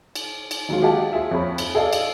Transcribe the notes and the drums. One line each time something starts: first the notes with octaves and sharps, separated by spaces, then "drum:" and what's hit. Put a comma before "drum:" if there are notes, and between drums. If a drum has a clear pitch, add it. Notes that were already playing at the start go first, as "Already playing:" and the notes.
drum: cymbal
drum: cymbal
D#3 F#3 G#3 F4
G4 G#4 D#5 F5 F#5 A5
F4 G#4 E5
F2 C#5 B5
G7, drum: cymbal
G#4 A4 D5 D#5 F5
drum: cymbal